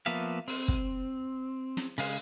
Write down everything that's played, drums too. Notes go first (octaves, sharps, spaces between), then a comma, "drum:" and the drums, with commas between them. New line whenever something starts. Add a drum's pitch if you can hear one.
F3 A#3 B3 E5 F5
C4, drum: open hi-hat
drum: kick
drum: snare
C#3 G#3 F5, drum: open hi-hat